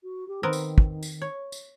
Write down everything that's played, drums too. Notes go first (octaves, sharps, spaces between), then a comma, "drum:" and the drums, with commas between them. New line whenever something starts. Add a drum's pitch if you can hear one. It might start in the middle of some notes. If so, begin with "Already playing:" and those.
F#4
G4
D#3 B3 C4 A#4
drum: tambourine
drum: kick
drum: tambourine
C#5
drum: tambourine